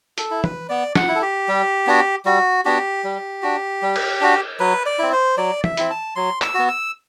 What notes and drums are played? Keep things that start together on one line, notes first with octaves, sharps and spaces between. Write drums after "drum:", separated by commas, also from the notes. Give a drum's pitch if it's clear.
A4, drum: hi-hat
E4
B4, drum: tom E3
B3 D5
F#5, drum: snare
E4
A4
G4
G3
B3 D4 F#4
G3 F#4
B3 D4 F#4 G4
G3
D4 F#4
G3
drum: cymbal
D4 F#4
F#3 B4
D5
C4 E4
C5
F#3 D5
E5, drum: tom E3
C4 E4, drum: hi-hat
A5
F#3 C6
E6, drum: clap
B3 F#4
E6